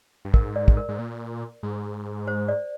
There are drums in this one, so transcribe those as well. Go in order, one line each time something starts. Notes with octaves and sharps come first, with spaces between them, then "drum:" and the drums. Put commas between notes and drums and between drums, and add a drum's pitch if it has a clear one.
G2
G#2 A#4, drum: kick
D5
drum: kick
A#4
G#2
A#2
G#2
C5
D5